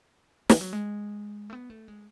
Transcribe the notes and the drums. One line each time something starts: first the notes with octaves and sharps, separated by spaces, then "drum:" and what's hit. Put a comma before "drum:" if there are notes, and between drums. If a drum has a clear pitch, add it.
E3, drum: snare
F#3
G#3
A3
B3
A3
G#3